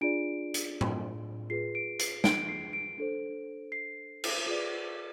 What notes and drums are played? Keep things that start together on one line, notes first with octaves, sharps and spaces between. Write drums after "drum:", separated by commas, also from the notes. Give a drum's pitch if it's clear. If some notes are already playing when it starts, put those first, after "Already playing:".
D4 F4 G#4 D5 D7
drum: hi-hat
drum: tom A2
F4 G#4 B4 C7
D7
C7, drum: hi-hat
D7, drum: snare
C7
D7
D4 A4 C5
C7
drum: cymbal
F4 G#4 B4 D5